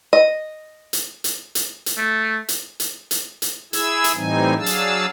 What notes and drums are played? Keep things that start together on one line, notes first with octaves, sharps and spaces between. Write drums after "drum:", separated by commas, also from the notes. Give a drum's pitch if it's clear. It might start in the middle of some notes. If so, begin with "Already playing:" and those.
D#5
drum: hi-hat
drum: hi-hat
drum: hi-hat
drum: hi-hat
A3
drum: hi-hat
drum: hi-hat
drum: hi-hat
drum: hi-hat
E4 G#4 E6 G#6, drum: hi-hat
drum: hi-hat
A2 E3 G3 C4 D#4 G#5
F#3 D4 G#4 F5 A5 E6
drum: hi-hat